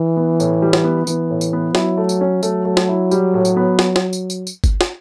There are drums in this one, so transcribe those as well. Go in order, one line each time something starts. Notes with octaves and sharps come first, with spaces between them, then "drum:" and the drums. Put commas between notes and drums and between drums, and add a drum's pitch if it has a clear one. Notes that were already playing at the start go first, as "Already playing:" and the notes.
Already playing: E3
B3
A2, drum: tambourine
G3
drum: snare
B3
E3 B3, drum: tambourine
A2
drum: tambourine
B3
F#3 E4, drum: snare
A3
drum: tambourine
C#4
F#3 A3, drum: tambourine
A3
drum: snare
E4
G3, drum: tambourine
A2
drum: tambourine
B3
drum: snare
drum: snare
drum: tambourine
drum: tambourine
drum: tambourine
drum: kick G1, tambourine
drum: snare